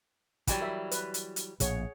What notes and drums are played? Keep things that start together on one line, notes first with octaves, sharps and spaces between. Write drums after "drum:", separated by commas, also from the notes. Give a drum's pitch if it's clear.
E3 F#3 G3 G5 G#5, drum: kick, hi-hat
A#4 E5
B4, drum: hi-hat
drum: hi-hat
drum: hi-hat
A#1 A2 G#4 C#5 F#5, drum: hi-hat